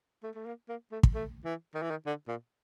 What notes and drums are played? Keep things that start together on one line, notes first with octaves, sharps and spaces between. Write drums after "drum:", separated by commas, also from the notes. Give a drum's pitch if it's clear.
A3
A3
A#3
A#3
A3
drum: kick
A3
E3
D#3
E3
D#3
D3
A#2